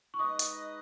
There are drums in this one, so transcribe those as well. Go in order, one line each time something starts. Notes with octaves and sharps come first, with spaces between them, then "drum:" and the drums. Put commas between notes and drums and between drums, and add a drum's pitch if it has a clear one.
C#6
G#3 D#4 B4 D#5 D#6
drum: hi-hat